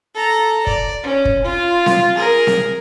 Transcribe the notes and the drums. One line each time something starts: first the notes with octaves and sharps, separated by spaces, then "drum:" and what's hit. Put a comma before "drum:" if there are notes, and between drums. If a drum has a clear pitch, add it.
A4 A#5
D5, drum: kick
C#4
drum: kick
F4
drum: snare C4
G#4 A#4
drum: snare C4